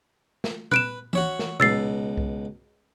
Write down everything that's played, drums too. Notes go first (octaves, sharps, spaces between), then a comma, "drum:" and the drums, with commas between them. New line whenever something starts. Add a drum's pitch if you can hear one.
drum: snare
B4 F#6 D7 E7, drum: tom A#2
F#4 C#5 E5, drum: tom E3
drum: snare
C#2 B2 E6 A6 C7, drum: tom A#2
drum: kick C2